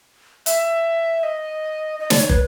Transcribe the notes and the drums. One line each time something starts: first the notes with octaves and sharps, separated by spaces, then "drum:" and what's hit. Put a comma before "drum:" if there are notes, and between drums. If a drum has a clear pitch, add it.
E5, drum: hi-hat
D#5
D#5
D5, drum: snare
C#5
B4, drum: kick